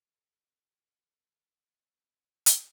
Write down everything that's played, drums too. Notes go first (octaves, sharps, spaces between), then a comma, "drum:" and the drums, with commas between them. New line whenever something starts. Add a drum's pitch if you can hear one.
A4
C4
drum: hi-hat